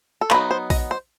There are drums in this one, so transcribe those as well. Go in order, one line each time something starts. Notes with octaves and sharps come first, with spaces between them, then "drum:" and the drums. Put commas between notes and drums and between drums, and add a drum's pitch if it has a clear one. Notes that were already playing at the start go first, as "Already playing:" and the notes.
A4
F#3 B3 D#4 B4, drum: clap
C5
D#5, drum: kick A#1, open hi-hat
C5